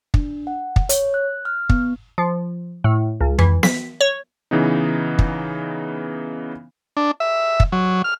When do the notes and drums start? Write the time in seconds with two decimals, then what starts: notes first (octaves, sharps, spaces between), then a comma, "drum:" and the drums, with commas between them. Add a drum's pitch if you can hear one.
0.14 D4, drum: kick
0.47 F#5
0.76 drum: kick
0.89 C#5, drum: hi-hat
1.14 F#6
1.45 F6
1.69 B3, drum: kick
2.18 F3
2.84 A2
3.21 C#2
3.39 E3, drum: tom F2
3.63 B6, drum: snare B3
4.01 C#5
4.51 C#3 E3 B3 D#4
5.19 drum: kick
6.97 D4
7.20 E5
7.60 drum: kick
7.72 F#3
8.04 F6